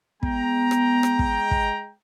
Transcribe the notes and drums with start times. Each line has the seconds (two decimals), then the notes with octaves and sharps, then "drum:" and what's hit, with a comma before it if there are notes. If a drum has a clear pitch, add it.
0.23 G#3 B3 G5 A#5, drum: kick
0.71 drum: rim click
1.03 drum: rim click
1.19 drum: kick
1.51 drum: kick